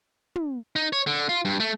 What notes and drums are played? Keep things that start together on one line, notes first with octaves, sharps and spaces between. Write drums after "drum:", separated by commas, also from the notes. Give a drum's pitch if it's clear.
drum: tom
D#4
C#5
D3
F4
G2
A3